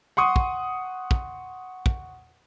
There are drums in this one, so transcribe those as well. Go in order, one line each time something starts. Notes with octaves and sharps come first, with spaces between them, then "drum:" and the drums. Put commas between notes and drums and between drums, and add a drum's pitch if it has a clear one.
F#5 C6 C#6 D#6
drum: kick
drum: kick
drum: kick